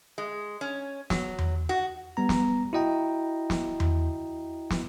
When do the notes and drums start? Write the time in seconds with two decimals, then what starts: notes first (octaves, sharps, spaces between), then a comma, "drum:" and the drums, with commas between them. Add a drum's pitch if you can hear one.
0.18 G#3
0.61 C#4
1.10 F#3, drum: snare
1.39 drum: tom E2
1.69 F#4
2.17 G3 B3 A#5
2.29 drum: snare
2.73 E4 F#4 D#5 G5 A#5
3.50 drum: snare
3.80 drum: tom E2
4.70 drum: snare